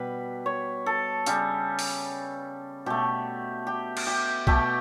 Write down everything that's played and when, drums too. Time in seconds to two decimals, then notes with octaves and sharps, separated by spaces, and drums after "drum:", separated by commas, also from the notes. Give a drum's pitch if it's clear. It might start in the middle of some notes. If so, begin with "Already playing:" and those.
Already playing: B2 G3 B4
0.46 C#5
0.86 A4
1.26 C#3 G3, drum: hi-hat
1.79 drum: open hi-hat
2.86 B2 A3 G4
3.67 G4
3.97 drum: cymbal
4.07 G4
4.47 B2 A3 G4, drum: kick B1